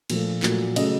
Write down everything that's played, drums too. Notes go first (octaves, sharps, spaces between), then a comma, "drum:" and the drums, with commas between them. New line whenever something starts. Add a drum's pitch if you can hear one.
A#2 F3 A3, drum: cymbal
A#2 F#3 A3, drum: clap
C#3 F#3 A3 D#5, drum: cymbal